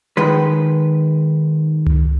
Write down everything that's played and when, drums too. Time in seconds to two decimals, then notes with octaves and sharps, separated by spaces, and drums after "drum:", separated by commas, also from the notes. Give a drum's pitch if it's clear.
0.17 D#3 G#3 B4
1.87 drum: tom C#2